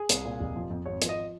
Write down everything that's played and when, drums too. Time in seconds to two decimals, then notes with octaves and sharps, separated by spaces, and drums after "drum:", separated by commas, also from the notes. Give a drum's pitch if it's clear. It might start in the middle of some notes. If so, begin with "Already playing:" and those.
Already playing: G#4
0.09 C2, drum: hi-hat
0.25 A#2
0.40 F1
0.56 F3
0.70 F2
0.86 G#1 C#5
1.02 F3, drum: hi-hat
1.09 D#5